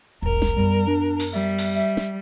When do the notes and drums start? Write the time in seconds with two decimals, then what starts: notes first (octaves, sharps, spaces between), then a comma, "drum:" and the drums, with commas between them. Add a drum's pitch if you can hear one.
0.22 E1 B1 A#4
0.42 drum: snare
0.56 F#2 G3 B3
0.87 D4
1.19 drum: open hi-hat
1.33 G3 E5
1.58 drum: open hi-hat
1.75 E5
1.97 drum: snare